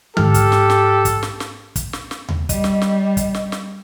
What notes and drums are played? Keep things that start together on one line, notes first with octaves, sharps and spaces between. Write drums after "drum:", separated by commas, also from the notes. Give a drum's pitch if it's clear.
G#2 G4 A4 F6, drum: tom D3
drum: kick, hi-hat
drum: snare
drum: snare
drum: kick, hi-hat
drum: snare
drum: snare
drum: kick, hi-hat
drum: snare
drum: snare
drum: tom D#2
G3 D#5, drum: kick, hi-hat
drum: snare
drum: snare
drum: kick, hi-hat
drum: snare
drum: snare